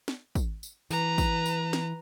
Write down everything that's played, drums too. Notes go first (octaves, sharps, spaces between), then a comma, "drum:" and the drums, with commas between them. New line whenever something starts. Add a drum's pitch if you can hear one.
drum: snare
drum: kick, tambourine
drum: tambourine
E3 B4 A#5, drum: tambourine
drum: kick, tambourine
drum: tambourine
drum: snare